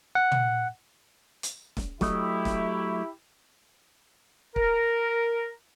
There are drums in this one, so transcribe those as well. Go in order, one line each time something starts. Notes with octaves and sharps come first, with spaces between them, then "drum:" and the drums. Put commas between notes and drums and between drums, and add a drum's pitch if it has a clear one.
F#5
drum: tom
drum: hi-hat
drum: snare
F#3 A3 E4 G4 D#5, drum: snare
drum: snare
A#4, drum: kick